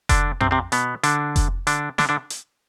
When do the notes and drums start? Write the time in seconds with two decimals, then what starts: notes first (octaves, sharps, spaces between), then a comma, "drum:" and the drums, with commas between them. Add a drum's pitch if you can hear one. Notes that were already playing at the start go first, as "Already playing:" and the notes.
0.09 D3 D4, drum: kick F1, hi-hat
0.41 C3 C4, drum: tom F2
0.51 C3 C4
0.72 B2 B3, drum: hi-hat
1.04 D3 D4, drum: hi-hat
1.36 drum: kick F1, hi-hat
1.67 D3 D4, drum: hi-hat
1.98 D3 D4, drum: snare
2.09 D3 D4
2.30 drum: hi-hat